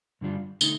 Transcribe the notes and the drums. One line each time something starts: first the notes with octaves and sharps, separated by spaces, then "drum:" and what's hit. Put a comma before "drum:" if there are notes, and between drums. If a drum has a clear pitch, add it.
G2 D3 G3 D4 F4
D3 A3 D#4, drum: tambourine